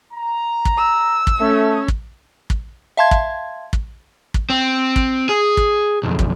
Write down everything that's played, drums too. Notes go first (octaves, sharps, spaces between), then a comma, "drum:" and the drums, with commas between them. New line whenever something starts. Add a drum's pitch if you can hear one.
A#5
drum: kick
E6
drum: kick
A3 C#4
drum: kick
drum: kick
E5 F5 A5 C6 G#6
drum: kick
drum: kick
drum: kick
C4
drum: kick
G#4
drum: kick
B1 F2
drum: kick